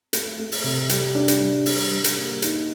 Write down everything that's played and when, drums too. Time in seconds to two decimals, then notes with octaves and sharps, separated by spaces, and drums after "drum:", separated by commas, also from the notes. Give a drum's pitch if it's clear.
0.13 A3, drum: hi-hat
0.40 A3
0.52 drum: open hi-hat
0.64 C3
0.89 G3, drum: hi-hat
1.15 D4
1.28 drum: hi-hat
1.41 G3
1.66 G3, drum: open hi-hat
1.92 G3
2.04 drum: hi-hat
2.17 A#3
2.42 D#4, drum: hi-hat